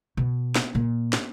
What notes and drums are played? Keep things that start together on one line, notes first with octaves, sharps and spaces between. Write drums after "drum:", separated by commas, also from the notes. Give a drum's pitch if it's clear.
B2
drum: snare
A#2
drum: snare